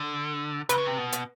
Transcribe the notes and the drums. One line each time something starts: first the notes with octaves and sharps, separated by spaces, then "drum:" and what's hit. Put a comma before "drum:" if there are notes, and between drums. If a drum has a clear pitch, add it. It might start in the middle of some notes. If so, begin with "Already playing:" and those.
Already playing: D3
C3 B4, drum: hi-hat
C#3
C3
B2
drum: hi-hat